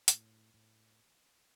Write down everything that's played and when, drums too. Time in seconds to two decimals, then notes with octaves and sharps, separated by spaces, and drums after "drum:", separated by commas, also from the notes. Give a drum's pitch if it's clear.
0.08 A2, drum: hi-hat
0.54 A2